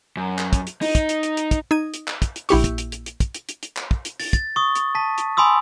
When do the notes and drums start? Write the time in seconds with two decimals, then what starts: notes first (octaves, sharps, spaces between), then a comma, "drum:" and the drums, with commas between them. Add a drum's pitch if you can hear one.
0.17 F#2
0.39 drum: clap
0.53 drum: kick, hi-hat
0.67 drum: hi-hat
0.82 D#4, drum: open hi-hat
0.95 drum: kick, hi-hat
1.09 drum: hi-hat
1.23 drum: hi-hat
1.37 drum: hi-hat
1.51 drum: kick, hi-hat
1.71 D#4 G#6 D#7
1.94 drum: hi-hat
2.08 drum: clap
2.22 drum: kick, hi-hat
2.36 drum: hi-hat
2.49 A#1 E4 G4 C#6, drum: open hi-hat
2.64 drum: kick, hi-hat
2.78 drum: hi-hat
2.92 drum: hi-hat
3.06 drum: hi-hat
3.20 drum: kick, hi-hat
3.35 drum: hi-hat
3.49 drum: hi-hat
3.63 drum: hi-hat
3.77 drum: clap
3.91 drum: kick
4.05 drum: hi-hat
4.20 A6, drum: open hi-hat
4.33 A6, drum: kick, hi-hat
4.56 C#6 D#6
4.75 drum: hi-hat
4.95 A5 B6
5.18 drum: hi-hat
5.37 G#5 B5 C6 D#6 E6